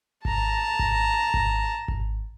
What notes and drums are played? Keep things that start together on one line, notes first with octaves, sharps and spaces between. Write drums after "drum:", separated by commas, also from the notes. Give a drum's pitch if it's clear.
A5 A#5, drum: kick G#1
drum: kick G#1
drum: kick G#1
drum: kick G#1